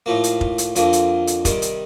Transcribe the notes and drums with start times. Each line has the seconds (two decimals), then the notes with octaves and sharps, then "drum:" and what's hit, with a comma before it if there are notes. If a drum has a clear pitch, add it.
0.06 A2 F3 A#3
0.24 drum: hi-hat
0.41 drum: kick F1
0.58 drum: hi-hat
0.76 F2 D3 F3 A#3, drum: hi-hat
0.93 drum: hi-hat
1.27 drum: hi-hat
1.45 C3 D#3 G3, drum: kick F1, hi-hat
1.62 drum: hi-hat